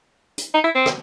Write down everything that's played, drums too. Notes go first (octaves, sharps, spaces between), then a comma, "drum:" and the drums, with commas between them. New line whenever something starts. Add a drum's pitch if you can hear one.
drum: hi-hat
D#4
E4
C4
drum: rim click